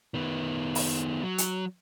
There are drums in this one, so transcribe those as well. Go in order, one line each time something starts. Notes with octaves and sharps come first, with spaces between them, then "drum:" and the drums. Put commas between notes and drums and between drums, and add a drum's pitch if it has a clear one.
D#3 B3
drum: open hi-hat
F#3
drum: hi-hat